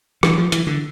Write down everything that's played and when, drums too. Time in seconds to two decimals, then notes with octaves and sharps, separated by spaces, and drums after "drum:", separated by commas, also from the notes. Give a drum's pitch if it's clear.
0.23 E3, drum: rim click
0.38 F3
0.52 E3, drum: hi-hat
0.67 D3